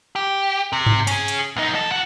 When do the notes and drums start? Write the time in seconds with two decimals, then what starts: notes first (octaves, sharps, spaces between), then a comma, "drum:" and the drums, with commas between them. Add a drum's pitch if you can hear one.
0.16 G4
0.73 C3
0.86 drum: tom G2
1.07 C#4 G#4, drum: hi-hat
1.28 drum: hi-hat
1.57 B1 D#4
1.74 E2 A4
1.92 F4 F#5